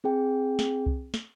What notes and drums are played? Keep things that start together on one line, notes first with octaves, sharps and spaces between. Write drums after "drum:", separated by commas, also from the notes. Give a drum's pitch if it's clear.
C4 G#4 G5
drum: snare
drum: kick C2
drum: snare